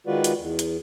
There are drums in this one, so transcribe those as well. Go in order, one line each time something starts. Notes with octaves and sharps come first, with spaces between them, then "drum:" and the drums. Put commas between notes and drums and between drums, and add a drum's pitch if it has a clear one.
D#3 G#3 F4 F#4 B4 D5
drum: hi-hat
E2
drum: hi-hat